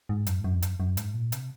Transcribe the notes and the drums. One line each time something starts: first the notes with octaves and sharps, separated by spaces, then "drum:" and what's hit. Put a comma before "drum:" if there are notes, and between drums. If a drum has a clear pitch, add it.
G#2
F#2, drum: hi-hat
G#2
F#2
F2
F#2, drum: hi-hat
F#2
G#2, drum: hi-hat
A#2
C3, drum: hi-hat